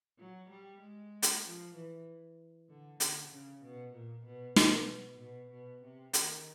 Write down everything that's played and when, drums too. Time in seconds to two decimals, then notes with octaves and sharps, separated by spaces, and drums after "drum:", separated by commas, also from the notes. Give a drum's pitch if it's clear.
0.18 F#3
0.50 G3
0.80 G#3
1.23 drum: hi-hat
1.44 F3
1.74 E3
2.69 D3
3.00 D3, drum: hi-hat
3.31 C#3
3.63 B2
3.94 A#2
4.26 B2
4.56 B2, drum: snare
5.19 B2
5.50 B2
5.82 C3
6.14 D#3, drum: hi-hat